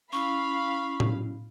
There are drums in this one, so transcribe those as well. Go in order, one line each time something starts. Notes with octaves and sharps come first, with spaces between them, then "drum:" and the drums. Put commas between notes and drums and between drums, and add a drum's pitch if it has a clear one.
C#4 E4 F5 B5 C#6
drum: tom